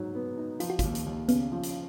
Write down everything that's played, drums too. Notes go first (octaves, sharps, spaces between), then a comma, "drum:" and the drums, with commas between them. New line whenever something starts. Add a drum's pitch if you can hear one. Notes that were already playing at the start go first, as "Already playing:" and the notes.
Already playing: G#2 F#3
B3
D#4
F3 F4, drum: hi-hat
F#4
D#2 F4, drum: kick, hi-hat
drum: hi-hat
D#2
C#3 B3, drum: hi-hat
F3
drum: hi-hat